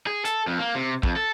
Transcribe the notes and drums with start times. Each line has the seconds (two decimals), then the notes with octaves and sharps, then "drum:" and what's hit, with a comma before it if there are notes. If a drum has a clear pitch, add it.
0.07 G#4
0.25 A4, drum: hi-hat
0.47 F2
0.59 A#3
0.75 C3
1.03 F2, drum: kick
1.16 A4